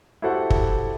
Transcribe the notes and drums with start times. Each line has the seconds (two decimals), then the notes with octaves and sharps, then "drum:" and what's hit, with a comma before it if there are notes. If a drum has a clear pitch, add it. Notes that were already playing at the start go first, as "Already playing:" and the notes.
0.22 E4 F#4 G4 A4 C5 F#5
0.50 drum: kick